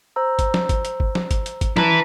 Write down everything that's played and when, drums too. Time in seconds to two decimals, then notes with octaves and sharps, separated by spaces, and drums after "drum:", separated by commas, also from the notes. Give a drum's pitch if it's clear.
0.16 C5 A#5 E6
0.39 drum: kick, hi-hat
0.54 drum: snare
0.69 drum: kick, hi-hat
0.85 drum: hi-hat
1.00 drum: kick
1.15 drum: snare
1.31 drum: kick, hi-hat
1.46 drum: hi-hat
1.61 drum: kick, hi-hat
1.77 E4 B4 A5 A#5, drum: snare